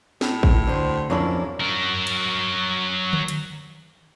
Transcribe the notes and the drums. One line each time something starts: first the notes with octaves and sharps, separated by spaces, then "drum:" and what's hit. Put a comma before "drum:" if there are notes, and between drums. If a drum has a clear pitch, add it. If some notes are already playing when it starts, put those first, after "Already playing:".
A2, drum: snare
drum: kick
D2 D3 C5
F2 F#3 A#3 C#4 D4 E4 D5
F#3 A#4
drum: cymbal
drum: tom D3
drum: hi-hat